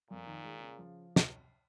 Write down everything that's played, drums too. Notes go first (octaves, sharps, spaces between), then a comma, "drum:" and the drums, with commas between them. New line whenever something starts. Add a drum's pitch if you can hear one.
F2 A#2
D#3
G#3
C#3
F3
drum: snare